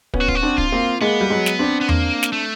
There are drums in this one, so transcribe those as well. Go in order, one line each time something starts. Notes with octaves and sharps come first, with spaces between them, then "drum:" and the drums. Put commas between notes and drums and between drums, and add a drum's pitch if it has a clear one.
B3 C#4, drum: kick
F#4
F4, drum: kick
F#4
C4 D4
F4, drum: kick
A#3 C4
G#3 A#3 B3
G3
F#3 G#3
drum: snare
C4 D4
B3
A#3, drum: tom E2
drum: snare
A3